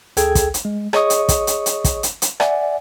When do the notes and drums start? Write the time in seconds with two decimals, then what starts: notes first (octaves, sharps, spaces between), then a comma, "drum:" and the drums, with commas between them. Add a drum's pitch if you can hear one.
0.17 D2 G#4 A4 G5 G#6, drum: hi-hat
0.35 drum: kick, hi-hat
0.54 drum: hi-hat
0.65 G#3
0.93 G#4 C#5 D#5 C#6 D#6, drum: rim click
1.10 drum: hi-hat
1.29 drum: kick, hi-hat
1.47 drum: hi-hat
1.66 drum: hi-hat
1.84 drum: kick, hi-hat
2.03 drum: hi-hat
2.22 drum: hi-hat
2.40 D5 E5 F#5 G#5, drum: rim click